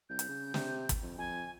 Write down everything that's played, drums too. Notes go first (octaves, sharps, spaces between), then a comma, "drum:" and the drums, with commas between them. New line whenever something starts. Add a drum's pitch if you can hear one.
C2 G6
drum: hi-hat
C#3
C3, drum: snare
drum: kick, hi-hat
F2
F2 G#5